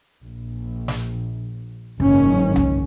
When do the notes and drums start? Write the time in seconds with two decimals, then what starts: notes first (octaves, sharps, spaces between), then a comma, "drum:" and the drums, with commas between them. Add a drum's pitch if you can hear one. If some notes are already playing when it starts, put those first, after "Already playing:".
0.24 A#1
0.88 drum: snare
2.00 F#1 G#2 D#3 C#4, drum: kick
2.56 drum: tom C2